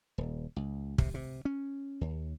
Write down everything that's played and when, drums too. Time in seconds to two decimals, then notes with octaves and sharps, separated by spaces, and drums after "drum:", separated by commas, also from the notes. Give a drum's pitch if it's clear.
0.18 D#1
0.56 C#2
0.98 C3, drum: kick
1.14 C3
1.45 C#4
2.01 D#2